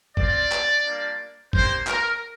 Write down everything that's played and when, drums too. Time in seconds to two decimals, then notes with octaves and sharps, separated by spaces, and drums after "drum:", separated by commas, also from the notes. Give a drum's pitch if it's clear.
0.17 C4 F4 D5, drum: kick G1
0.52 drum: clap
0.85 G3 A#3 D4 F4
1.53 A#3 D4 G4 C5, drum: kick G1
1.87 A#4, drum: clap